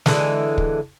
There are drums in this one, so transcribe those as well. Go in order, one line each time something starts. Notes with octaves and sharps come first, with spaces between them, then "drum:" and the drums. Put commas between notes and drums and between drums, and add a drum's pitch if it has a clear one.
D3 E3 G#3, drum: snare
drum: kick